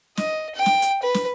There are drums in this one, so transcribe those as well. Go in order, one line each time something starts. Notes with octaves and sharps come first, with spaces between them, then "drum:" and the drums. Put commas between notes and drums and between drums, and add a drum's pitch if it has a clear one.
D#5, drum: snare
G5
drum: snare
drum: hi-hat
B4
drum: snare